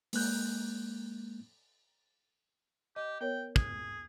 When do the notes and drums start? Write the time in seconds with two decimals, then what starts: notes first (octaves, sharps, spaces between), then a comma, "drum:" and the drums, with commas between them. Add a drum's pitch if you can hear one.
0.13 G#3 A#3 F#6 G6, drum: open hi-hat
2.96 G4 D#5
3.21 B3 A#4 C#5 G5
3.56 G#4, drum: kick